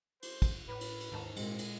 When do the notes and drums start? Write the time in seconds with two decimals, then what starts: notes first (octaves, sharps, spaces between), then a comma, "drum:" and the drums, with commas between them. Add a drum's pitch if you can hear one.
0.23 C5, drum: cymbal
0.42 drum: kick, cymbal
0.68 A2 B4
0.81 drum: cymbal
1.00 drum: cymbal
1.12 D#2 G#2 D#4 A5
1.36 A#2 G#3 C4, drum: cymbal
1.59 drum: cymbal